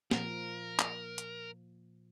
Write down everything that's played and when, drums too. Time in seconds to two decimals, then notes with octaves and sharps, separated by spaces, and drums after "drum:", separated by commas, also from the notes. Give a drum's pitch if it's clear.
0.11 A#2 F3 A#4, drum: snare
0.80 drum: clap
1.18 drum: hi-hat